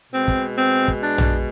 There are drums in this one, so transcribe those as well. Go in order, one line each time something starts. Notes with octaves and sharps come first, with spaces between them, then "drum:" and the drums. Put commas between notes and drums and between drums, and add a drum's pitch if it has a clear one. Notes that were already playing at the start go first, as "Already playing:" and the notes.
B2 G#3 C4
drum: kick
C4
drum: kick
D4
drum: tom A#1